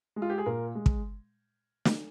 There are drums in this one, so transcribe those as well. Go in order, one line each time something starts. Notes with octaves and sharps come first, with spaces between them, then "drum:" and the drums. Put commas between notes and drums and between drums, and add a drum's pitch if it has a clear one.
G#3
F4
G4
G#4
A#2 A#4
G#3
drum: kick
drum: snare